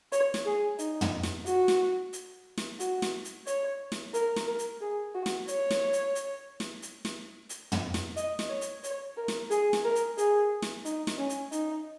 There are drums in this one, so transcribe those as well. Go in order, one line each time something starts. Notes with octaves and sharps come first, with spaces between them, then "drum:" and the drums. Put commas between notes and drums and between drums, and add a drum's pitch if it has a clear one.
C#5, drum: hi-hat
drum: snare
G#4
D#4, drum: hi-hat
drum: tom
drum: snare
F#4, drum: hi-hat
drum: snare
drum: hi-hat
drum: snare
F#4, drum: hi-hat
drum: snare
drum: hi-hat
C#5, drum: hi-hat
drum: snare
A#4, drum: hi-hat
drum: snare
A#4
drum: hi-hat
G#4
F#4
drum: snare
C#5, drum: hi-hat
drum: snare
drum: hi-hat
drum: hi-hat
drum: snare
drum: hi-hat
drum: snare
drum: hi-hat
drum: tom
drum: snare
D#5, drum: hi-hat
drum: snare
C#5
drum: hi-hat
C#5, drum: hi-hat
A#4
drum: snare
G#4, drum: hi-hat
drum: snare
A#4
drum: hi-hat
G#4, drum: hi-hat
drum: snare
D#4, drum: hi-hat
drum: snare
C#4
drum: hi-hat
D#4, drum: hi-hat